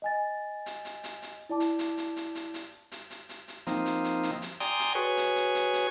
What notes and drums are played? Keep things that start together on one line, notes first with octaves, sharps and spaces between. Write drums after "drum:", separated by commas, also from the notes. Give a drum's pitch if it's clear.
D#5 G#5 A6
drum: hi-hat
drum: hi-hat
drum: hi-hat
drum: hi-hat
E4 D5 A5 D6
drum: hi-hat
drum: hi-hat
drum: hi-hat
drum: hi-hat
drum: hi-hat
drum: hi-hat
drum: hi-hat
drum: hi-hat
drum: hi-hat
drum: hi-hat
F3 A#3 C4 D#4, drum: hi-hat
drum: hi-hat
drum: hi-hat
drum: hi-hat
drum: hi-hat
D5 G5 G#5 A#5 C6 D#6, drum: hi-hat
drum: hi-hat
F#4 G#4 B4 C#5 G#5 C#6
drum: hi-hat
drum: hi-hat
drum: hi-hat
drum: hi-hat